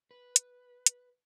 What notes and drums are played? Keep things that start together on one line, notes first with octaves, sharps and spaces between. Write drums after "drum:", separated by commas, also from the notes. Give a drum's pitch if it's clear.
B4
drum: hi-hat
drum: hi-hat